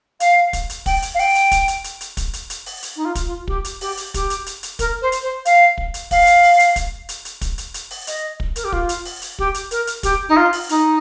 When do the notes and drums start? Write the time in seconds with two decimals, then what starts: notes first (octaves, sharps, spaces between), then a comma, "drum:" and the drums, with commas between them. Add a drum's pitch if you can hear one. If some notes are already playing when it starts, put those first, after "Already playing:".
0.20 F5, drum: hi-hat
0.53 drum: kick, hi-hat
0.70 drum: hi-hat
0.86 G5, drum: kick, open hi-hat
1.02 drum: hi-hat
1.14 F5
1.19 G5, drum: open hi-hat
1.35 drum: hi-hat
1.51 drum: kick, hi-hat
1.68 drum: hi-hat
1.84 drum: hi-hat
2.01 drum: hi-hat
2.17 drum: kick, hi-hat
2.33 drum: hi-hat
2.50 drum: hi-hat
2.66 drum: open hi-hat
2.83 drum: hi-hat
2.96 D#4
3.05 F4
3.15 drum: kick, hi-hat
3.26 F4
3.48 G4, drum: kick
3.65 drum: hi-hat
3.81 G4, drum: open hi-hat
3.97 drum: hi-hat
4.14 G4, drum: kick, hi-hat
4.30 drum: hi-hat
4.46 drum: hi-hat
4.63 drum: hi-hat
4.79 A#4, drum: kick, hi-hat
5.02 C5
5.12 drum: hi-hat
5.23 C5
5.45 F5, drum: hi-hat
5.78 drum: kick
5.94 drum: hi-hat
6.11 F5, drum: kick, open hi-hat
6.27 drum: hi-hat
6.43 drum: open hi-hat
6.59 drum: hi-hat
6.76 drum: kick, hi-hat
7.09 drum: hi-hat
7.25 drum: hi-hat
7.41 drum: kick, hi-hat
7.58 drum: hi-hat
7.74 drum: hi-hat
7.91 drum: open hi-hat
8.07 D#5, drum: hi-hat
8.40 drum: kick
8.56 A#4, drum: hi-hat
8.64 G4
8.72 F4, drum: kick
8.89 drum: hi-hat
9.05 drum: open hi-hat
9.22 drum: hi-hat
9.39 G4, drum: kick
9.54 drum: hi-hat
9.71 A#4, drum: hi-hat
9.87 drum: hi-hat
10.03 G4, drum: kick, hi-hat
10.29 D#4
10.36 F4
10.53 drum: open hi-hat
10.69 D#4, drum: hi-hat